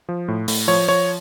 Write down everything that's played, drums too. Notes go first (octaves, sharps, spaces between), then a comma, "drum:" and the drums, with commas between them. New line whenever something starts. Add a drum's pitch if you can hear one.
F3
A2
A2, drum: open hi-hat
F3 C#5
F3 C#5